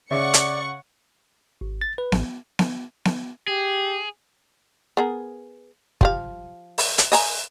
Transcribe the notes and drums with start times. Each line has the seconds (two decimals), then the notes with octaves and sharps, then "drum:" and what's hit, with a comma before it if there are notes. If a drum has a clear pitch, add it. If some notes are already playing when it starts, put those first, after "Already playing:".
0.11 C#3 D5 E5 F#5 C#6 C#7
0.34 drum: hi-hat
1.61 G#1
1.81 A6
1.98 B4
2.12 A1, drum: snare B3
2.59 drum: snare B3
3.05 drum: snare B3
3.48 G4 G#4
4.97 B3 G#4 A#4
6.01 F3 G4 F5, drum: kick
6.78 drum: open hi-hat
6.98 drum: hi-hat
7.12 D#5 G#5 A#5, drum: open hi-hat